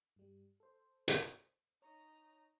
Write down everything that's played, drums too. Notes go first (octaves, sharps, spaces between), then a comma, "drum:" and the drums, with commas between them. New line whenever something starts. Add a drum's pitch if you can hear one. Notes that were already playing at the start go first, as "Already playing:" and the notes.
G2 G3
A4 C5
drum: hi-hat
D#4 C#5 A#5 C#6 D#6